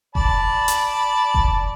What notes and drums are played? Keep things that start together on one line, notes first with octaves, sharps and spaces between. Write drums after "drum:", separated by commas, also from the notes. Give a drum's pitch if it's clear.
D5 A5 B5, drum: kick F1
drum: hi-hat
drum: kick F1